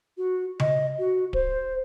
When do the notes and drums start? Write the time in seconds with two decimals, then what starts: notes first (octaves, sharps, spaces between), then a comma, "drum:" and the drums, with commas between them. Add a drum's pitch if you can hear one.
0.17 F#4
0.60 D#5, drum: tom C#3
0.99 F#4
1.33 C5, drum: kick D1